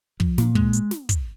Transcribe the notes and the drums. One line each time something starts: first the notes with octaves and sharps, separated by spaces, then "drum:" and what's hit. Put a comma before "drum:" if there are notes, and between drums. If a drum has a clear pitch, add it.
F3, drum: kick
A#2, drum: snare
G#3, drum: kick
drum: hi-hat
drum: snare
drum: kick, hi-hat